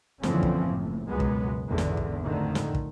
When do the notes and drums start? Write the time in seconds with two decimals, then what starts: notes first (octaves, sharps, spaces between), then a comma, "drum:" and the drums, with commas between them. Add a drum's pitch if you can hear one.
0.23 F#1 D3 E3 F3 C4 C#4, drum: snare
0.43 drum: kick
0.63 F#1 A2
1.09 C#2 F#2 B2 F#3 G#3 B3
1.20 drum: kick
1.67 G#1 E2 D3
1.78 drum: snare
1.97 drum: kick
2.24 F2 A2 D3 D#3
2.55 drum: snare
2.75 drum: kick